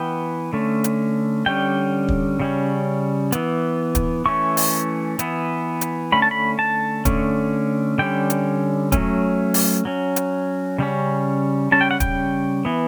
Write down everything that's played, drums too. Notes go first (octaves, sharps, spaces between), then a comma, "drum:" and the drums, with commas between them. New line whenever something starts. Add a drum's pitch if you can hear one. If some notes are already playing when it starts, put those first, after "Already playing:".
Already playing: E3 B3 G5
D3 A3 C#4
drum: hi-hat
D3 G3 C#4 G5
drum: kick
C#3 G3 C#4
E3 B3, drum: hi-hat
drum: kick, hi-hat
E3 A3 C#4 C#6
drum: open hi-hat
E3 B3, drum: hi-hat
drum: hi-hat
D3 A3 C#4 B5
A5
B5
A5
D3 A3 C#4, drum: kick, hi-hat
D3 G3 C#4 G5
drum: hi-hat
F#3 A3 C#4, drum: kick, hi-hat
drum: open hi-hat
F#3 C#4
drum: hi-hat
C#3 G3 C#4
C#3 G3 C#4 A5
G5
F#5
G5, drum: kick, hi-hat
E3 B3